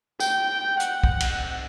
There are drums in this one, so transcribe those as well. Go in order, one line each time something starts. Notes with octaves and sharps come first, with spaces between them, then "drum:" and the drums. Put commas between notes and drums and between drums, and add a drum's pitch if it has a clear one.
G5, drum: tambourine
F#5, drum: hi-hat
drum: kick
drum: cymbal